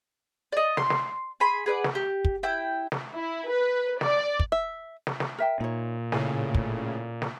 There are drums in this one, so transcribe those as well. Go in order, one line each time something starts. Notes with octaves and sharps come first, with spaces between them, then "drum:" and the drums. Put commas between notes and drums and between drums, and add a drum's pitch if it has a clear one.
D5 D#5
C6, drum: snare
drum: snare
G#4 G#5 B5 C6
G#4 B4 D5 F#5
drum: snare
G4
drum: kick
E4 G5
drum: snare
E4
B4
D5, drum: snare
drum: kick
E5
drum: snare
drum: snare
A#4 E5 G5
A#2 D#4 C#5
A2 C#3 G#4 D5 G#5, drum: snare
drum: kick
drum: snare